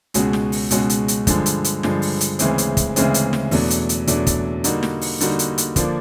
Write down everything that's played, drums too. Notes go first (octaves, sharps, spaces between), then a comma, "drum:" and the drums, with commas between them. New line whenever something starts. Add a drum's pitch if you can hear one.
C#2 B2 G#3 C#4 F#4, drum: hi-hat
drum: snare
drum: open hi-hat
C#2 B2 G#3 C#4 F#4, drum: hi-hat
drum: hi-hat
drum: hi-hat
G2 D3 F3 G#3, drum: kick, hi-hat
drum: hi-hat
drum: hi-hat
G2 D3 F3 G#3, drum: snare
drum: open hi-hat
drum: hi-hat
D2 C#3 E3 G#3 C4, drum: hi-hat
drum: hi-hat
drum: kick, hi-hat
D2 C#3 E3 G#3 C4, drum: hi-hat
drum: hi-hat
drum: snare
E2 B2 F#3 A3 D4, drum: open hi-hat
drum: hi-hat
drum: hi-hat
E2 B2 F#3 A3 D4, drum: hi-hat
drum: kick, hi-hat
D3 G3 A#3 D#4 F#4, drum: hi-hat
drum: snare
drum: open hi-hat
D3 G3 A#3 D#4 F#4, drum: hi-hat
drum: hi-hat
drum: hi-hat
D3 F3 A#3 D4, drum: kick, hi-hat